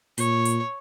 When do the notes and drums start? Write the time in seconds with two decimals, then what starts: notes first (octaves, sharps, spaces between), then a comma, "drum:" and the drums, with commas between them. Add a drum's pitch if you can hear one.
0.18 A#2 C#5, drum: hi-hat
0.45 drum: hi-hat